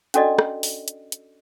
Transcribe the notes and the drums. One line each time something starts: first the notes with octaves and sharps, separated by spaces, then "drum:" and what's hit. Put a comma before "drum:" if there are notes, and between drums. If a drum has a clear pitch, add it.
C#4 D4 F#4 A4 D5 D#5, drum: hi-hat
drum: rim click
drum: open hi-hat
drum: hi-hat
drum: hi-hat